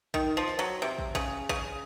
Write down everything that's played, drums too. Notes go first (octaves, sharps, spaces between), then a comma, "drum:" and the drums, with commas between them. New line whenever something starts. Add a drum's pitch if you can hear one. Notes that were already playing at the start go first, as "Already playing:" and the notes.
D#3, drum: kick
F3
drum: snare
F#3
C3
drum: kick
C#3, drum: kick
C#3, drum: kick